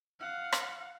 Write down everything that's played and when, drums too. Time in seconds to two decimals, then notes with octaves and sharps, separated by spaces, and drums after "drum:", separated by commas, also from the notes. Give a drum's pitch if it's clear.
0.20 F5 F#5
0.52 drum: rim click